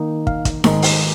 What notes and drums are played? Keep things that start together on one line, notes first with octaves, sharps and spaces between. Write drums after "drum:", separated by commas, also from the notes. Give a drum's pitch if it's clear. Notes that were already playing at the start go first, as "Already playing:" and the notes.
Already playing: D#3 A#3 D#4
F5, drum: kick
drum: kick, hi-hat
G#2 D#3 G#3 D#4, drum: snare D#4
drum: open hi-hat